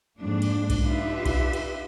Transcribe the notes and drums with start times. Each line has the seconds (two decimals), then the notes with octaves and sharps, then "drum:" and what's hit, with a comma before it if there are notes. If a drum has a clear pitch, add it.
0.20 F2 G#2 A#3 D4
0.42 drum: cymbal
0.70 drum: kick B1, cymbal
0.84 D4 D#4 F4 G4 B4 E5
1.26 drum: kick B1, cymbal
1.53 drum: cymbal